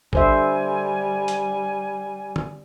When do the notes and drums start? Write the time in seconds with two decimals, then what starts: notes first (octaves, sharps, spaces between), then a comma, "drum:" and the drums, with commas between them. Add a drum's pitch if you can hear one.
0.13 D3 G3 C5 E5 G#5, drum: kick
1.28 drum: hi-hat
2.36 drum: tom D3